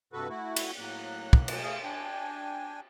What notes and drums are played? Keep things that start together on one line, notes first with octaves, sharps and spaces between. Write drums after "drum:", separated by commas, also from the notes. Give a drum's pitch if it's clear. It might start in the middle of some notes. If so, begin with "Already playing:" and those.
G2 C3 F#4 A4 B4
A3 E4 F#4
drum: cymbal
A2 F#3 A#3 F#6
drum: kick
drum: cymbal
A3 G#4 F5
D4 G5 G#5